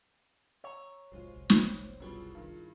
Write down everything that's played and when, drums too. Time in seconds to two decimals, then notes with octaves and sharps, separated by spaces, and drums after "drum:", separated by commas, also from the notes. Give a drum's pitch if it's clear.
0.64 C#5 A#5 E6
1.12 F1 C#2 A#2 F#3 G#3 F4 C5
1.33 F#1 C2
1.50 drum: snare
2.00 F#2 B2 G3 E4 F4 G#4
2.35 G2 D#3